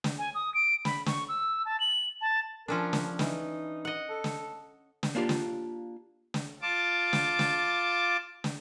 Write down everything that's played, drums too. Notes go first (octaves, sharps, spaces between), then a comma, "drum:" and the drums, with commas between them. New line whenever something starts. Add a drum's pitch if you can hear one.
drum: snare
G#5
D#6
D7
B5, drum: snare
C#6, drum: snare
E6
A5
F#7
A5
F3 C#4 D4 A#4
drum: snare
E3 D#4, drum: snare
D#5 F#5
A4
drum: snare
drum: snare
A#3 D4 F4 G4
drum: snare
drum: snare
F4 A5 D6
drum: snare
drum: snare
drum: snare